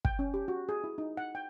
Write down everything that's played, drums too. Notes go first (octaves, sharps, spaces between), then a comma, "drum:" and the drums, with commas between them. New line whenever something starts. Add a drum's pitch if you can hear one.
G5, drum: kick
C#4
G4
F#4
G#4
E4
D#4
F#5
G5